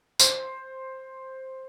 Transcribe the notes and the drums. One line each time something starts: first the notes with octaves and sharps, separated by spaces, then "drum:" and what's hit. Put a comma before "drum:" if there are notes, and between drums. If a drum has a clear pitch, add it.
C5, drum: tambourine